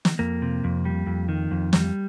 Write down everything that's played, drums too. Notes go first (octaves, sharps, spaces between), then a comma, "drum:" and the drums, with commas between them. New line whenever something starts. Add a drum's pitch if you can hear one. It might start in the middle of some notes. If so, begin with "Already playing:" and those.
drum: snare
F2 A#3
C3
F2
G3
F2
D#3
F2
G3, drum: snare